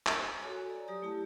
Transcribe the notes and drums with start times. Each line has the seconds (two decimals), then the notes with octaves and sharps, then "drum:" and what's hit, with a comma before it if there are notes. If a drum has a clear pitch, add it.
0.07 drum: clap
0.42 F#4 A4 C#5 G#5
0.70 D5 A#5
0.88 F#3 G4 D#6
1.02 A3 E4 G4 A5